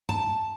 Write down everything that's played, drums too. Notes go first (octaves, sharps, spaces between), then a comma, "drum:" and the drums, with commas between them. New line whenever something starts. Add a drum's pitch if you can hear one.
A5, drum: tom G2